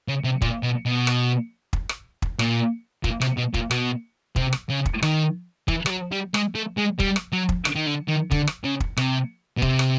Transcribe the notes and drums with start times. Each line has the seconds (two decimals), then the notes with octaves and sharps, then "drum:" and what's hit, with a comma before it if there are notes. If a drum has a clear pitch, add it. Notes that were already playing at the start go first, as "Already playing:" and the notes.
0.08 C#3
0.24 C3
0.42 A#2, drum: kick
0.63 B2
0.86 B2
1.07 drum: rim click
1.73 drum: kick
1.89 drum: rim click
2.22 drum: kick
2.39 A#2, drum: rim click
3.04 A#2, drum: kick
3.21 C3, drum: rim click
3.38 B2
3.54 A#2, drum: kick
3.71 B2, drum: rim click
4.36 C3, drum: kick
4.53 drum: rim click
4.70 C#3
4.85 drum: kick
5.03 D#3, drum: rim click
5.68 E3, drum: kick
5.86 G3, drum: rim click
5.90 F#3
6.12 G3
6.34 G#3, drum: rim click
6.55 A3
6.78 G#3
7.00 G3, drum: kick
7.16 drum: rim click
7.32 F#3
7.49 drum: kick
7.65 drum: rim click
7.76 D#3
7.87 D3
8.08 D#3
8.31 D3, drum: kick
8.47 drum: rim click
8.64 C#3
8.80 drum: kick
8.97 C3, drum: rim click
9.57 B2
9.62 C3, drum: kick
9.79 drum: rim click